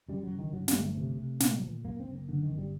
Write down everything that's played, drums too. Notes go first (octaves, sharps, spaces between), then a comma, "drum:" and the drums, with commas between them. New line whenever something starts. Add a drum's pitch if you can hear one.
F#2 G3
F#3
F#1
D#3
G2 F#3
G3, drum: snare
G1
A3
C3
C3
A#2, drum: snare
A#2
F#2 A#3
C4
F#1
A#3
F#2 D3
D#3
G1
G3